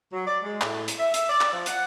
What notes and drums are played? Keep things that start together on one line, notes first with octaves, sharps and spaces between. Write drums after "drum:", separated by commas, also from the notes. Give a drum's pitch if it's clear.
F#3
D5
G#3
A2, drum: clap
drum: hi-hat
E5
E5, drum: hi-hat
D5
drum: clap
F3
F#5, drum: hi-hat